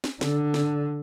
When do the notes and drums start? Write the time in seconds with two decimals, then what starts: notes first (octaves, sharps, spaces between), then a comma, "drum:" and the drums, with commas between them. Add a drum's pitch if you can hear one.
0.04 drum: snare
0.21 D3, drum: snare
0.54 drum: snare